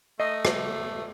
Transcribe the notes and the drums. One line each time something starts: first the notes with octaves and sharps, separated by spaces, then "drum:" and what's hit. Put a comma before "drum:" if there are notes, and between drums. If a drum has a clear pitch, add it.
A3 D#5
drum: rim click